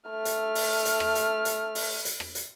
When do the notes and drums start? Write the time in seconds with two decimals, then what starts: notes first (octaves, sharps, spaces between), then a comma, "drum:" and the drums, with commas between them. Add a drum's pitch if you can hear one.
0.10 A3 F6
0.25 drum: hi-hat
0.55 drum: open hi-hat
0.85 drum: hi-hat
1.00 drum: rim click
1.15 drum: hi-hat
1.45 drum: hi-hat
1.75 drum: open hi-hat
2.05 drum: hi-hat
2.20 drum: rim click
2.35 drum: hi-hat